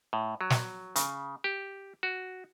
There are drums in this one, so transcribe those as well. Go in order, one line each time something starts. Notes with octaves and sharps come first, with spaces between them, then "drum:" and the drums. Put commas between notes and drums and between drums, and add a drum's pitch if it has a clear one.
A2
F#3
drum: snare
C#3, drum: hi-hat
G4
F#4